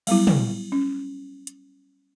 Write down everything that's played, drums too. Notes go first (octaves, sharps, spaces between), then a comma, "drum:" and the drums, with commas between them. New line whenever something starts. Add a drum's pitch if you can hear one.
F#3 G3 B3 E4, drum: cymbal
drum: tom
C#4
drum: hi-hat